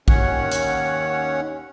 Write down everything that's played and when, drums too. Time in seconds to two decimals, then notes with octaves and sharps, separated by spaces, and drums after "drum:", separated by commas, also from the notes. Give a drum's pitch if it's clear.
0.08 D#2 D#3 C#4 C#5 F#5, drum: kick A#1
0.51 drum: hi-hat